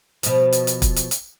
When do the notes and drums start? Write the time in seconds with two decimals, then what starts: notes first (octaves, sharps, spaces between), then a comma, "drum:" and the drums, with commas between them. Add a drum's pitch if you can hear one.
0.23 B2 F3, drum: hi-hat
0.53 drum: hi-hat
0.67 drum: hi-hat
0.82 drum: kick, hi-hat
0.96 drum: hi-hat
1.11 drum: hi-hat